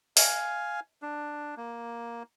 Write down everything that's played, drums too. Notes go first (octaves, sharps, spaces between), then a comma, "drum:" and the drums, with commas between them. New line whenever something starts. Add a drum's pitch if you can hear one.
F5 G#5, drum: open hi-hat
D4
A#3